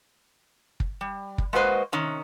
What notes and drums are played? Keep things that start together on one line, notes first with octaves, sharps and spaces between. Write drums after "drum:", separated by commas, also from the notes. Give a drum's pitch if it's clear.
drum: kick
G3
drum: kick
G#3 A#3 F#4 B4 C5 D#5
C3 D#3 C#4